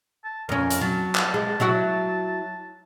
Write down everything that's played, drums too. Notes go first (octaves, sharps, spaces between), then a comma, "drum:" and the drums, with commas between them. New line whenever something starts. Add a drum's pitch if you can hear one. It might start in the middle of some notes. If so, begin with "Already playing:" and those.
A5
F2 C#4 A#4
drum: hi-hat
F#3 A5
drum: clap
G#3
F#3 E4 F#4